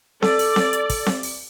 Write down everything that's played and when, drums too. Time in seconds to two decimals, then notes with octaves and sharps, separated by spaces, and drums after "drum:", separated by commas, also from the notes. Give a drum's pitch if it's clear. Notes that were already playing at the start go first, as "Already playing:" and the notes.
0.22 A4 D5, drum: snare C4
0.39 drum: open hi-hat
0.56 drum: snare C4
0.73 drum: hi-hat
0.90 drum: kick, open hi-hat
1.06 drum: snare C4
1.23 drum: open hi-hat